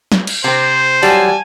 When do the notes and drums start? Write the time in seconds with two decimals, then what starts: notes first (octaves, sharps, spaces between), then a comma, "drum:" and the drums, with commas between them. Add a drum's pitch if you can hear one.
0.12 drum: snare
0.27 drum: cymbal
0.44 C3 C4 C5
1.03 F#3 G3 G#5 A5, drum: open hi-hat